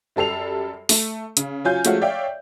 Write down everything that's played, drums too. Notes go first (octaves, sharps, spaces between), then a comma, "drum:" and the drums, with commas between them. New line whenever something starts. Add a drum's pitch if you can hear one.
F#2 G3 A4 C7 F7
A3, drum: open hi-hat
C#3, drum: hi-hat
F#3 C#4 F4 G#5 G6
F3 G#3 A3 C#4 F4 F#4, drum: hi-hat
C#5 D5 E5 F5 G5